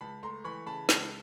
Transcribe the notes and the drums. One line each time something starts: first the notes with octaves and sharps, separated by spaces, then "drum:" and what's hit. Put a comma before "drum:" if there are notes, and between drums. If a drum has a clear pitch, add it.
C#2 A5 B5
A3 A#5 C6
E3 B5 C#6
C#3 A5 B5
C#2, drum: snare